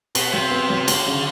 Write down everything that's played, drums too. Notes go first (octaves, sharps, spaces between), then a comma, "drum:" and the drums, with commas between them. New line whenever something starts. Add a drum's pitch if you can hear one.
B2 B3, drum: cymbal
C3 F#3
B3
F#3
D3 F#3, drum: cymbal
C#3